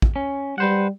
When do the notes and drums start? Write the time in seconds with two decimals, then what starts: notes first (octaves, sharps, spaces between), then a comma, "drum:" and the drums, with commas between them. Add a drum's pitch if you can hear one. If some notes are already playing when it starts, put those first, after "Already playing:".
0.02 drum: kick
0.16 C#4
0.58 G3 B4 C5 F#5